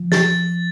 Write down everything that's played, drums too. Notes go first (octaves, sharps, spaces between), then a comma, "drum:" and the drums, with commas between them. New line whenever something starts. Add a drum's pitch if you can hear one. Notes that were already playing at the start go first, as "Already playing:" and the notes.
Already playing: F3
A6, drum: snare